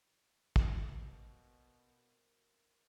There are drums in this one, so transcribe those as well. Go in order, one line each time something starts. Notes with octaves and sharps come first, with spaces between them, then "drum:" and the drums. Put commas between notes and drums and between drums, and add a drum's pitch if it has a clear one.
B2 A#3 C4 A#4, drum: kick